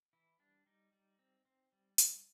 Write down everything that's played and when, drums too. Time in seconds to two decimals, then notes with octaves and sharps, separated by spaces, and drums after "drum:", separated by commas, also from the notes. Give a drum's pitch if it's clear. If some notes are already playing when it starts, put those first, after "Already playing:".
0.13 E3 E4
0.39 G3 D4
0.66 G3 D#4
0.92 G3
1.19 C4
1.45 C4
1.72 G3
1.98 G3, drum: hi-hat